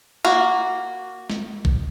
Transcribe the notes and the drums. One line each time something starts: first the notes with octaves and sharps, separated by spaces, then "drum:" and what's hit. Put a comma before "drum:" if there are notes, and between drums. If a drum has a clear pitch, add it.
A#3 F#4
drum: snare
drum: kick A1